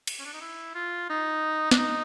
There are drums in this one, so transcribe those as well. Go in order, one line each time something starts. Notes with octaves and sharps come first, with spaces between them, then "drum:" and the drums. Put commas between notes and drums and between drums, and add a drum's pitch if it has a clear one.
drum: cymbal
C#4
D4
D#4
E4
F4
D#4
D4, drum: snare
D#4